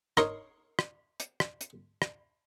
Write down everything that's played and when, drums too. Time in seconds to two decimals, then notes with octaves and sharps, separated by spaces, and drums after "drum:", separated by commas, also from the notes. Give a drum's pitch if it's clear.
0.17 D#4 A#4 C#5 C6, drum: rim click
0.79 drum: rim click
1.20 drum: hi-hat
1.40 drum: rim click
1.61 drum: hi-hat
2.02 drum: rim click